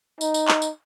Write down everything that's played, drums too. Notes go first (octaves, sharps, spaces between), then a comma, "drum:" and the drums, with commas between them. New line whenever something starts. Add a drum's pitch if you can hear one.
D#4, drum: tambourine
drum: tambourine
drum: clap
drum: tambourine